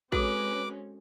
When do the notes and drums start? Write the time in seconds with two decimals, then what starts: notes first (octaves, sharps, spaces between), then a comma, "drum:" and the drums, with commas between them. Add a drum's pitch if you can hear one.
0.12 G#3 C4 C#4 F#4 G#4 A4 B4 D6, drum: kick